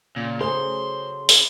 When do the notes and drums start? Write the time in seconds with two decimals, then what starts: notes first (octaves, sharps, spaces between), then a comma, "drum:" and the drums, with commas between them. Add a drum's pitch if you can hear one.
0.16 A#2 C#3
0.41 F#3 A3 G#4 C5 C6
1.29 drum: open hi-hat